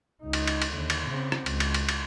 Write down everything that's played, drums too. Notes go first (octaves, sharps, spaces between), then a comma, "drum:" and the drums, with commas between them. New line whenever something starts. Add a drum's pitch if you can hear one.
C#2 D#4
drum: cymbal
drum: cymbal
drum: cymbal
D#2 D3
drum: cymbal
C#3 C4
drum: rim click
C#2, drum: cymbal
drum: cymbal
drum: cymbal
drum: cymbal